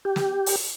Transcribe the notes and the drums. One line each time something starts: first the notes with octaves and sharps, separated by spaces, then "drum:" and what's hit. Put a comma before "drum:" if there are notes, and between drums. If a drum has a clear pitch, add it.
G4
drum: snare
drum: open hi-hat